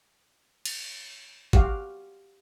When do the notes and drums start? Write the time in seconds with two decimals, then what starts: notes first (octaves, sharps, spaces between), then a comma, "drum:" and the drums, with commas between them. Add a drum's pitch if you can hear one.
0.65 drum: cymbal
1.53 F#4 G4 F5, drum: kick